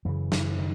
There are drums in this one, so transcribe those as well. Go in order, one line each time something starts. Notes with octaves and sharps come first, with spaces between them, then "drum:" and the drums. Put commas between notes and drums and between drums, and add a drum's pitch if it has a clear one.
F#2 C#3 E3
drum: snare
D#3